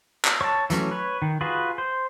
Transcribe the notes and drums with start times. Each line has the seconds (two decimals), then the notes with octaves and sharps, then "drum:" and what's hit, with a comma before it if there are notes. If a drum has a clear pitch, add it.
0.25 drum: clap
0.41 C#5 A5
0.70 E3 F#3 A3 C#4, drum: hi-hat
0.92 B4 C#5
1.22 D#3
1.41 F4 F#4 G#4 B4
1.78 C5